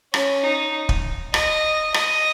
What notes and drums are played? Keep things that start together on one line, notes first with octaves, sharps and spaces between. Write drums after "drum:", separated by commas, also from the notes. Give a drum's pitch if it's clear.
C#4, drum: rim click
D#4
drum: kick
D#5, drum: rim click
D#5, drum: rim click